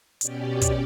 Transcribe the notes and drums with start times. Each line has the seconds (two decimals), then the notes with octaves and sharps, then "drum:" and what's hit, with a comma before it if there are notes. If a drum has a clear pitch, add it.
0.21 B2 C#4 G4 D5, drum: hi-hat
0.61 drum: kick, hi-hat